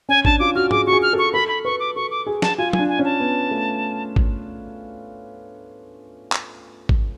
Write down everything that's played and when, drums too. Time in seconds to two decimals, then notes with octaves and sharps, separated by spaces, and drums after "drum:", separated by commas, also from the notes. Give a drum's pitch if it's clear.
0.09 C#4 G#5
0.25 D4 A5, drum: kick G#1
0.40 F4 D6
0.56 F#4 F6
0.71 G#4 D6, drum: tom
0.87 F#4 C#6
0.92 G#4
1.03 F6
1.13 A4
1.18 C#6
1.33 A4 B5
1.48 B5
1.65 B4 C#6
1.80 D6
1.96 A4 C#6
2.11 D6
2.27 G#4
2.42 A5, drum: snare
2.58 F4 G#5
2.73 G#5, drum: tom
2.79 D4
2.89 G#5
2.99 C#4
3.05 A5
3.20 B3
3.51 A3
4.16 drum: kick G#1
6.32 drum: clap
6.89 drum: kick G#1